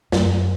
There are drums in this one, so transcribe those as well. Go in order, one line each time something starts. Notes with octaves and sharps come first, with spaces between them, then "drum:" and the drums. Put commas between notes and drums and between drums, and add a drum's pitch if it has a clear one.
F#2, drum: snare